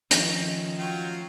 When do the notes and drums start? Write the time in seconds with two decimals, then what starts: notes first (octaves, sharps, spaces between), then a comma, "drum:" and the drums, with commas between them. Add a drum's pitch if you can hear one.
0.11 D#3 F3 A3 C#4, drum: hi-hat
0.79 F#3 F4 G5